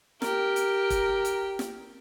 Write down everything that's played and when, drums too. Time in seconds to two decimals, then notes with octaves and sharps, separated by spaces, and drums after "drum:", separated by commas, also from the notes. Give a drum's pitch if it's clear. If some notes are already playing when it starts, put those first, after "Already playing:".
0.22 G4 A#4, drum: snare
0.56 drum: hi-hat
0.90 drum: kick, hi-hat
1.25 drum: hi-hat
1.59 drum: snare